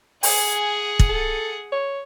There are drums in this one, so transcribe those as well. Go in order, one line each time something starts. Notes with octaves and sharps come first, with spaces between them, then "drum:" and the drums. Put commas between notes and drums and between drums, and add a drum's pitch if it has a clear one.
G#4 F#5 G#5, drum: open hi-hat
drum: kick
A4
C#5